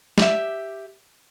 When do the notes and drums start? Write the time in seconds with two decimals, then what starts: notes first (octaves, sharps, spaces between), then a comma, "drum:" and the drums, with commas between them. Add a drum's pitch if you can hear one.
0.18 G4 E5, drum: snare